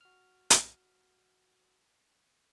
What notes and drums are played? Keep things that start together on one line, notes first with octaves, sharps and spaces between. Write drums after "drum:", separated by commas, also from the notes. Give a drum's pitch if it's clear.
F#4 F6
drum: hi-hat